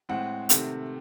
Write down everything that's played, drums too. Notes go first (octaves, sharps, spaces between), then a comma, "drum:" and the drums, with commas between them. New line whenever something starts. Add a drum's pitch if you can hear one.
A2 G#3 C4 F#5
C3 D#3 A3 C4, drum: hi-hat